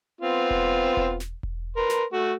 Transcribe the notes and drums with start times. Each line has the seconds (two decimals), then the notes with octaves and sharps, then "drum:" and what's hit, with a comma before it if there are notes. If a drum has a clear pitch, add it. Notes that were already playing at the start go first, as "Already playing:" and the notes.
0.21 B3 C4 F4
0.50 drum: kick E1
0.97 drum: kick E1
1.20 drum: snare
1.43 drum: kick E1
1.77 A#4 B4 C6
1.90 drum: snare
2.13 A3 F#4